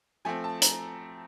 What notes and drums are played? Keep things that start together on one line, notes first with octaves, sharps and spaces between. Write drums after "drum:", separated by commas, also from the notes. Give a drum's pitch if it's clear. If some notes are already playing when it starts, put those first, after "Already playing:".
F3 A3 C4 G#5
A5
A#5, drum: hi-hat